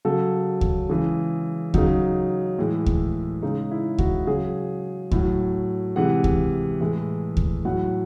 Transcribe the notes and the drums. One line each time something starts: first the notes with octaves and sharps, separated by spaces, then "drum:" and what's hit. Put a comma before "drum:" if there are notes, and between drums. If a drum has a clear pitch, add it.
C#3 F#3 A4
drum: kick D2
C#3 E3 G#3
C#3 F#3 D#4, drum: kick D2
A2 E3 G#3
drum: kick D2
C#3 G#3 D#4
E4
F#4, drum: kick D2
C#3 F#3 G#4
A2 F#3, drum: kick D2
C3 E3 G#3 F#5
drum: kick D2
A2 E3 G#3
drum: kick D2
A2 F#3 F#5